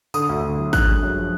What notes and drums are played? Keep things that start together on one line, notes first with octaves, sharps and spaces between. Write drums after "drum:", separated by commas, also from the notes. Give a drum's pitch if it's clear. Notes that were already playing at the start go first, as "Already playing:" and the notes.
D3 D#6, drum: tambourine
D2
D2
F#3
D3 F#6, drum: kick, tambourine
G#3
F#2
F3